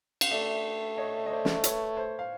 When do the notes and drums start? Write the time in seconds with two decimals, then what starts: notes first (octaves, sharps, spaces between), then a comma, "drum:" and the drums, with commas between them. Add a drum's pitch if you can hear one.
0.21 F5, drum: cymbal
0.31 A3 D5 E5
0.97 C#5 D#5
1.26 D#5
1.30 C5 D5
1.45 drum: snare
1.64 B4 C#5, drum: hi-hat
1.97 C5
2.19 F5